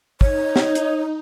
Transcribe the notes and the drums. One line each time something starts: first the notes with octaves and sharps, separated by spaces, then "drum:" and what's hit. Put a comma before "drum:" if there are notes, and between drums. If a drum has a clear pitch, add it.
D#4 C#5, drum: kick
drum: snare
drum: hi-hat